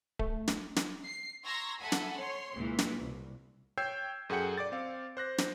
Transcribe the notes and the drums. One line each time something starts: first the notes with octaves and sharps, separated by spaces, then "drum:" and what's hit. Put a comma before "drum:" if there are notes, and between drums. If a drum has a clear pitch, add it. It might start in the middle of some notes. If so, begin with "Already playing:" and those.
A3, drum: kick D1
drum: snare
drum: snare
C7
A#5 C6 C#6 E6 G#6 A#6
A4 E5 F#5 G#5 B5
drum: snare
C#5 C6
C#2 A#2 E3
drum: snare
C2
C#5 G5 E6 G6 G#6 C7
F#2 G#4 A4 F#5 G5 C#7
D5 D6 A6
C4 F5
C5 F#6 A#6
drum: snare